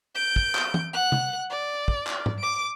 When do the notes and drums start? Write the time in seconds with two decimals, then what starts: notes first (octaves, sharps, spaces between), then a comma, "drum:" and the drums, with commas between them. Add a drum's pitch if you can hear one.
0.15 G6 D7
0.36 drum: kick
0.55 drum: clap
0.74 drum: tom
0.93 F#5 F#6
1.12 drum: tom C3
1.50 D5
1.88 drum: kick
2.07 drum: clap
2.26 drum: tom G#2
2.39 D6 D7